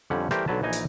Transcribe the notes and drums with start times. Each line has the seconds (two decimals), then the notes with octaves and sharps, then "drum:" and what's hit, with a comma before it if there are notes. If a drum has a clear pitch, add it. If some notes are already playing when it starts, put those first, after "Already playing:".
0.10 F2 D3 G3 C#4 F#5
0.31 E3 G3 A3 G4 A#4 C5, drum: rim click
0.48 B1 D3 F#3 B4 A5
0.62 A#1 E3 D#4 D#5 G#5 A#5
0.73 drum: hi-hat